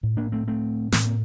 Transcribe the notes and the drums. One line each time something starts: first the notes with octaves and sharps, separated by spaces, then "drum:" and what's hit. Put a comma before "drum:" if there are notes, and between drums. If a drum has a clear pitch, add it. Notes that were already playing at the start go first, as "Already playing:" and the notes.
A2
A#3 D4
A3 C4
A3 C4
A2 A3 C4, drum: snare
A#3